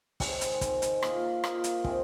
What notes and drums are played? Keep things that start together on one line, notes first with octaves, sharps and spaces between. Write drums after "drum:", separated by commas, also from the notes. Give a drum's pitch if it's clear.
D#3 G#3 C4, drum: kick, open hi-hat
drum: hi-hat
D#3 G#3 C4, drum: kick, hi-hat
drum: hi-hat
A#3 F4 A#4 D#5, drum: rim click
A#3 F4 A#4 D#5, drum: rim click
drum: hi-hat
C3 D#3 G#3 C4, drum: kick